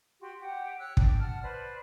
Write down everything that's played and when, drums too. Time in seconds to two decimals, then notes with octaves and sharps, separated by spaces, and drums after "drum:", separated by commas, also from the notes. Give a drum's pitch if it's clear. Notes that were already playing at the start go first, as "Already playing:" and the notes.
0.21 F#4 G4 C6
0.40 G4 F#5 G5
0.79 C#5 E6 F#6
0.97 D4 G4, drum: kick
1.20 F#5 A5 F6
1.42 B4 C5 D5